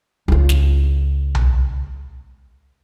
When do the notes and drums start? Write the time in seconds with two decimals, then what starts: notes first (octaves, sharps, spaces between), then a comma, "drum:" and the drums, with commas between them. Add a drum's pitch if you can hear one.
0.28 C#2 F4
0.49 drum: snare
1.35 drum: tom B1